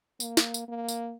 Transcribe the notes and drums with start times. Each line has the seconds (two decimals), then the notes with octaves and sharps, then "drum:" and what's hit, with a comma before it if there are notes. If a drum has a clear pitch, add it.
0.20 A#3, drum: tambourine
0.37 drum: snare
0.54 drum: tambourine
0.68 A#3
0.88 drum: tambourine